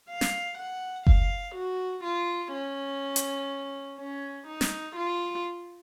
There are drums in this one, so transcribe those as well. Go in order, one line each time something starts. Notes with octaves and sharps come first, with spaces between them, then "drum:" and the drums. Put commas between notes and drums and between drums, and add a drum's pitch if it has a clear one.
F5
drum: snare
F#5
F5, drum: kick F#1
F#4
F4
C#4
drum: hi-hat
C#4
D#4
drum: snare
F4